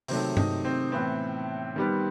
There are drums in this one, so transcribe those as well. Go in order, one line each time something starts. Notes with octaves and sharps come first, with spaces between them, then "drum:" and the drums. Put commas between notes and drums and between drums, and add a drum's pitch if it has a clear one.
C3 D#3 F#3 A3 C4, drum: open hi-hat
D#4, drum: tom G2
C4
A2 E3 B3 C4
D#3 G3 B3